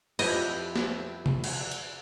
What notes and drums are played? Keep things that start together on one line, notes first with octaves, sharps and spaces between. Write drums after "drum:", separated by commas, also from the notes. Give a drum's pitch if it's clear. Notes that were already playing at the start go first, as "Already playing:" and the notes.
F2 F3 E4 G4 B4 D#5, drum: cymbal
drum: snare
drum: tom C3
drum: cymbal
drum: hi-hat